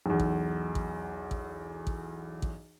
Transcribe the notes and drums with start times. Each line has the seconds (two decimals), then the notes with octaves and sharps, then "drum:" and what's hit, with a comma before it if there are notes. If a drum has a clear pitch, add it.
0.06 B1 E2
0.20 drum: kick A1
0.75 drum: kick A1
1.31 drum: kick A1
1.87 drum: kick A1
2.42 drum: kick A1